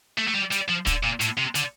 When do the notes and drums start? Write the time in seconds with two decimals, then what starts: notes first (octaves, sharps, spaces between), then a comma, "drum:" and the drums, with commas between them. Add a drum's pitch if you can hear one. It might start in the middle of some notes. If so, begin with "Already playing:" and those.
0.18 A3
0.28 A3
0.35 G3
0.52 G3, drum: hi-hat
0.69 F3
0.87 D3, drum: kick, hi-hat
1.04 A#2
1.21 A2, drum: hi-hat
1.38 C3
1.55 D3, drum: hi-hat